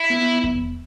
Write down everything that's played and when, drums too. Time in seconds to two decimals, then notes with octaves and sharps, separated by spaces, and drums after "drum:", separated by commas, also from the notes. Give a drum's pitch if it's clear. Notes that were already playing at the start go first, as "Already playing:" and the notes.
Already playing: E4
0.10 B3
0.44 drum: kick E2